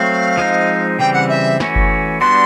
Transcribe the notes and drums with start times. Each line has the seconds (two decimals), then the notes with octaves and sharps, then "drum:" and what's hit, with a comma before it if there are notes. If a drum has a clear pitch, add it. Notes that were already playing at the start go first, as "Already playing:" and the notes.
Already playing: F#3 A3 C4 F5
0.37 F3 G#3 C4 D#4
0.99 C#3 E3 G3 C4 G5
1.13 F#5
1.29 E5
1.60 E3 A3 C#4 F#4, drum: snare
1.76 drum: kick F#1
2.20 G3 B3 D4 F#4 C6